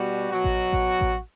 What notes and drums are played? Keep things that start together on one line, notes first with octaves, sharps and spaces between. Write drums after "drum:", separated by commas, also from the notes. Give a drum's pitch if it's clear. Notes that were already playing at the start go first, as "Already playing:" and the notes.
Already playing: B2 G3 F#4
B2 F#3 F#4
drum: kick A1
drum: kick A1
drum: kick A1